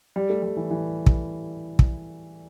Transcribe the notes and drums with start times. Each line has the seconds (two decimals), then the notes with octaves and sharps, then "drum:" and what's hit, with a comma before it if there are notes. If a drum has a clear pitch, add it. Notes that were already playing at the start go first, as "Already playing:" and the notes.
0.16 G3
0.30 A3
0.43 G3
0.57 E3
0.70 E3
1.06 drum: kick
1.79 drum: kick